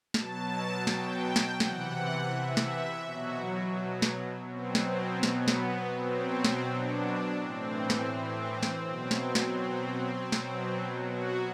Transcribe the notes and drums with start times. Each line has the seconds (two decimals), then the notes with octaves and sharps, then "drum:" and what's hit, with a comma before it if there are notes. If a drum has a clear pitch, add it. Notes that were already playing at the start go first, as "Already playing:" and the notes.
0.14 B2 F#3 A5, drum: snare
0.87 G5, drum: snare
1.36 drum: snare
1.60 C3 E3 F#5, drum: snare
2.32 E5
2.57 drum: snare
3.05 B2 F#3 F#4
4.02 drum: snare
4.51 B2 F#3 C4
4.75 drum: snare
5.23 B3, drum: snare
5.48 drum: snare
5.96 B2 F#3 C4
6.45 drum: snare
6.69 D4
7.42 A2 E3 C4
7.90 drum: snare
8.14 C4
8.63 drum: snare
8.86 B2 F#3 C4
9.11 drum: snare
9.35 drum: snare
10.32 B2 F#3, drum: snare
11.05 F#4